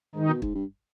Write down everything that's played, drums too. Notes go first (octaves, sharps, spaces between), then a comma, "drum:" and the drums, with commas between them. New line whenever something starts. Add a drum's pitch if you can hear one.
G#2 D#3 D#4
B2
G#2, drum: kick
G2